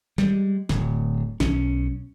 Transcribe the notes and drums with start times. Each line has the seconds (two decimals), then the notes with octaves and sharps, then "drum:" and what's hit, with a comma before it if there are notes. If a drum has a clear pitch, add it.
0.18 G3 G#3, drum: snare
0.69 D1, drum: snare
1.40 B1 C#4, drum: snare